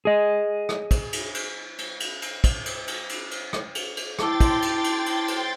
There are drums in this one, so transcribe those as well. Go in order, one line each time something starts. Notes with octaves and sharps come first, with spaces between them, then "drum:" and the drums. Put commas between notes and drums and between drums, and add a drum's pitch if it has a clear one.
G#4 D#5
drum: rim click
drum: kick, cymbal
drum: cymbal
drum: cymbal
drum: cymbal
drum: cymbal
drum: cymbal
drum: kick, cymbal
drum: cymbal
drum: cymbal
drum: cymbal
drum: cymbal
drum: rim click
drum: cymbal
drum: cymbal
E4 G5 A5 C6 D6 A6, drum: rim click
drum: kick, cymbal
drum: cymbal
drum: cymbal
drum: cymbal
drum: cymbal